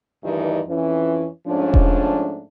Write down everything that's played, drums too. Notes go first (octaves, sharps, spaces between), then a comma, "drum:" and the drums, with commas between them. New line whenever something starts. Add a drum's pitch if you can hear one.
D2 G2 D#3 E3 D#4 D#5
F2 E3 C#4
G#2 F3 A3 C#4 D4
drum: kick E1